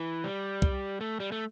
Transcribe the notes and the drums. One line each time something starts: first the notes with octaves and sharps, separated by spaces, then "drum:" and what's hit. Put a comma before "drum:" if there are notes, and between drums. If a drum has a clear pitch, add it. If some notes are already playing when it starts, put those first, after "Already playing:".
Already playing: E3
G3
drum: kick
A3
G3
A3